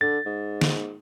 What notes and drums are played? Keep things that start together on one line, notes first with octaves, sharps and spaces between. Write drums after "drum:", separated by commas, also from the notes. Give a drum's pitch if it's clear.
D3 A6
G#2
drum: snare